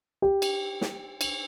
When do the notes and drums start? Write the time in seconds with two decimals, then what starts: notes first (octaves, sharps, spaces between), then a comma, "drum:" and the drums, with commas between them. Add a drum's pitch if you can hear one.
0.22 G4
0.42 drum: cymbal
0.81 drum: snare
1.21 drum: cymbal